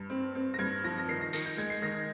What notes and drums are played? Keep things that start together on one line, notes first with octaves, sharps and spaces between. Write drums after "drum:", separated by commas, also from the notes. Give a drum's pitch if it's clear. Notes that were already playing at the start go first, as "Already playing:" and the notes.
Already playing: G2
C4
C4
A#6
G2 G#6
F3 A#6
A#6
D#3 C7
A#6
D#3 A#6, drum: tambourine
G6
G#3 G#6
C7
D#3 A#6
G#6